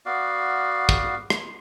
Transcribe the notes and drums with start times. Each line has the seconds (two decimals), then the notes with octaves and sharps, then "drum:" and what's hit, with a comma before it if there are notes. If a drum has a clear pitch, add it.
0.06 B3 F#4 D5 F5
0.89 drum: kick
1.30 drum: rim click